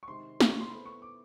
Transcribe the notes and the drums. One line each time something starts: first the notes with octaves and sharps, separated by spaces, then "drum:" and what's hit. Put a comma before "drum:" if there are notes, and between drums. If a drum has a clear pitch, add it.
C#6
C3 D#3 G#3 C4 C6
drum: snare
C#6
C6
B3 E4 A4 C5 B5
C#6
D6